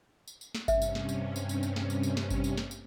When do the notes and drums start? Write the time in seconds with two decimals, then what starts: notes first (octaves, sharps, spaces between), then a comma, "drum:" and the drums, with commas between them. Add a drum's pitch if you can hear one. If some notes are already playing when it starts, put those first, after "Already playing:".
0.28 drum: tambourine
0.41 drum: tambourine
0.55 drum: snare
0.68 G2 C3 C#4 E5, drum: kick G#1, tambourine
0.82 drum: tambourine
0.95 drum: snare
1.09 drum: tambourine
1.36 drum: tambourine
1.49 drum: tambourine
1.63 drum: tambourine
1.76 drum: snare
1.90 drum: tambourine
2.03 drum: tambourine
2.17 drum: snare
2.30 drum: kick G#1, tambourine
2.44 drum: tambourine
2.57 drum: snare
2.71 drum: tambourine